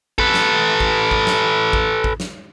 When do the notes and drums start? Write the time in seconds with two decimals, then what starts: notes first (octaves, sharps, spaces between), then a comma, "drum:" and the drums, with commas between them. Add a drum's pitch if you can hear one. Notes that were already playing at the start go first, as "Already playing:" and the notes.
0.18 A4 B4, drum: kick A1
0.34 drum: snare
0.80 drum: kick A1
1.11 drum: kick A1
1.27 drum: snare
1.73 drum: kick A1
2.04 drum: kick A1
2.20 drum: snare